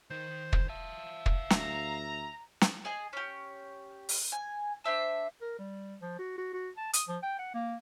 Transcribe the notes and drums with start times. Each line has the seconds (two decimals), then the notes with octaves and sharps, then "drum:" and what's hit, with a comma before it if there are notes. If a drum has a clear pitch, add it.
0.10 D#3 D#4 C5
0.53 drum: kick
0.69 E5 F5 A5
1.26 drum: kick
1.50 D2 A#5, drum: snare
2.61 drum: snare
2.85 G#4 D#5 G#5 A5
3.13 C#4 G4
4.09 drum: open hi-hat
4.32 G#5
4.84 D4 C5 E5 A5
5.41 A#4
5.59 G3
6.01 F3
6.19 F#4
6.38 F#4
6.54 F#4
6.77 A5
6.93 D#6, drum: hi-hat
7.08 F3
7.23 G5
7.39 F#5
7.54 A#3